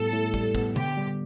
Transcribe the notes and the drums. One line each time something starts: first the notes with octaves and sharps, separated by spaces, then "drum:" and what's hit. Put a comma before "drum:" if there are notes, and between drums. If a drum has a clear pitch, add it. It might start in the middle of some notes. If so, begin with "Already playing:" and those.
Already playing: A2 G3 B3 A4
A2, drum: hi-hat
G3, drum: kick
B3, drum: kick
D3 G4, drum: tom B2
G3